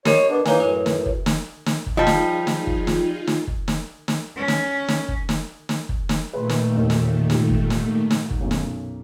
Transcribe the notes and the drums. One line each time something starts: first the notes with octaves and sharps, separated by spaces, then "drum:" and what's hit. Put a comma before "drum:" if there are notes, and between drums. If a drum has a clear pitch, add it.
G4 A#4 C#5 D#5, drum: snare
B3 D4
E3 A#3 D#4 C#5 G#5, drum: snare
F#2 A2 B4 C#5
drum: snare
drum: kick
drum: snare
drum: snare
drum: kick
F3 G3 D#4 F4 G#4 D#5 A5
drum: snare
drum: snare
drum: kick
drum: snare
drum: snare
drum: kick
drum: snare
drum: snare
C#4
drum: snare
drum: snare
drum: kick
drum: snare
drum: snare
drum: kick
drum: snare
A#2 D#3 A3 B4 C6
drum: snare
E1 D#2 D#5
drum: snare
G#2 G3 G4, drum: snare
drum: kick
drum: snare
drum: snare
drum: kick
B1 F#2
drum: snare